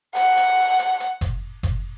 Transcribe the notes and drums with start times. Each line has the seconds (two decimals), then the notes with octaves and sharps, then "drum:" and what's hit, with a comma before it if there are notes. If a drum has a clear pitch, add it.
0.16 F#5, drum: hi-hat
0.37 drum: hi-hat
0.79 drum: hi-hat
1.00 drum: hi-hat
1.21 drum: kick F#1, hi-hat
1.63 drum: kick F#1, hi-hat